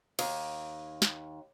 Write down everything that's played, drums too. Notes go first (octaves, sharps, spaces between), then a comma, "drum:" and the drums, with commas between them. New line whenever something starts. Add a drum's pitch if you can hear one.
D#2, drum: cymbal
drum: snare